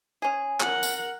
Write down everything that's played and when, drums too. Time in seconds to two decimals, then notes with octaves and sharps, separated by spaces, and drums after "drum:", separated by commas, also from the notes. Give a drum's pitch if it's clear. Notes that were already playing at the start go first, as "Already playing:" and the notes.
0.22 C#4 G#4
0.60 A#4 F#5, drum: clap
0.83 drum: tambourine